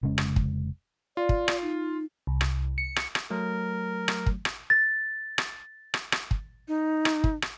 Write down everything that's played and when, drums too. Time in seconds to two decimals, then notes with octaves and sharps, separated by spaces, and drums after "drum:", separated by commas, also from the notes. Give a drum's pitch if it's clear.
0.03 F1 C#3 G#3 C#4
0.18 drum: rim click
0.36 drum: kick
1.17 F4 D5
1.29 drum: kick
1.48 drum: rim click
1.62 D#4
2.27 C2
2.41 drum: rim click
2.78 C#7
2.96 drum: rim click
3.15 drum: rim click
3.30 F#3 A3 A#4
4.08 drum: rim click
4.26 drum: kick
4.45 drum: rim click
4.70 A6
5.38 drum: rim click
5.94 drum: rim click
6.12 drum: rim click
6.31 drum: kick
6.68 D#4
7.05 drum: rim click
7.24 drum: kick
7.42 drum: rim click